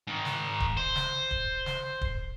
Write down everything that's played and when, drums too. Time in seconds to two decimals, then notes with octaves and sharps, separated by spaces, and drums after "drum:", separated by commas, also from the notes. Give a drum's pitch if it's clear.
0.07 G#2 D#3
0.25 drum: snare
0.60 drum: kick
0.77 C5
0.96 drum: snare
1.31 drum: kick
1.66 drum: snare
2.01 drum: kick